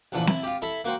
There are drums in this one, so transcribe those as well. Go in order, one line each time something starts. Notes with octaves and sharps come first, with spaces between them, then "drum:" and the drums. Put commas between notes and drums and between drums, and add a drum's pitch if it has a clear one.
A#1 E2 A#2 C#3 F3
E4, drum: snare C4
F4 G4
E4 A4 E5 B5
A#3 F#4 C5 G5